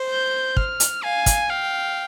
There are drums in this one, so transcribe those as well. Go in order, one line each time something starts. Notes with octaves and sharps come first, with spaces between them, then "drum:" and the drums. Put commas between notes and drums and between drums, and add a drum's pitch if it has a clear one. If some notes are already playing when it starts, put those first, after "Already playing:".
Already playing: C5
G6
F6, drum: kick
drum: hi-hat
F5 G#5
drum: kick, hi-hat
F5 G5